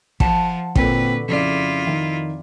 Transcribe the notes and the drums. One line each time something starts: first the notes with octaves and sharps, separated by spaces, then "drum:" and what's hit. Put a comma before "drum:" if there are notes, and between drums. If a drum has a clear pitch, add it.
F3 F#5 A5, drum: kick
A#2 D3 C4 F#4 B4, drum: kick
F2 C#3 E4 F4 D5
D#3